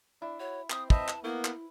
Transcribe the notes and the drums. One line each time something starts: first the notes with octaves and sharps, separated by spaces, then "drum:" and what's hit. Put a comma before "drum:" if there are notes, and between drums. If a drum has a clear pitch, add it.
D4 E4
F#4 C#5
C4 C5 D#6, drum: clap
C4 B4 D#5 E5 A5, drum: kick
drum: clap
A#3 B3 E4
drum: clap